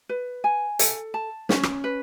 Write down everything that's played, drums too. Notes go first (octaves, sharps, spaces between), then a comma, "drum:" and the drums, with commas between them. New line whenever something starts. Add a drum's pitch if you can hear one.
B4
G#5
A4, drum: hi-hat
A5
C#4, drum: snare
drum: rim click
B4